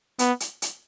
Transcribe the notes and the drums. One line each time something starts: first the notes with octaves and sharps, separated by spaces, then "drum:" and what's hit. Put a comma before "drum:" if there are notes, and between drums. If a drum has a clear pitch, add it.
B3, drum: hi-hat
drum: hi-hat
drum: hi-hat